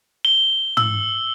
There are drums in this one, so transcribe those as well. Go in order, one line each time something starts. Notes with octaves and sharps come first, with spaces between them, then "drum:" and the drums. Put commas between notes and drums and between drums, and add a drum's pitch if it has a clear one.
G7
E6, drum: tom